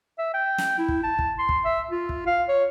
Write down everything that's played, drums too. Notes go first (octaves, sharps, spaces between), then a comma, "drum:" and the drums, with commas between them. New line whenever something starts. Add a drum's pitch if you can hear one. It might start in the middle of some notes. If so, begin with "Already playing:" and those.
E5
G5
drum: snare
E4
drum: kick
A5
drum: kick
C6
drum: kick
E5
F4
drum: kick
F5
C#5